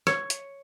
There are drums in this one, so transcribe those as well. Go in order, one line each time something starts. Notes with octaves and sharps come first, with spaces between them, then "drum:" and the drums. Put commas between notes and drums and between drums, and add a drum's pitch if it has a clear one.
C#5, drum: rim click
drum: hi-hat